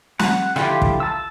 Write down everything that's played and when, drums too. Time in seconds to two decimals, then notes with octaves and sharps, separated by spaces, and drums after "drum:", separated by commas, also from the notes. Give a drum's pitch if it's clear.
0.19 F#5, drum: snare
0.56 D3 F3 E4 F4 G4, drum: rim click
0.82 drum: kick
1.00 A5 E6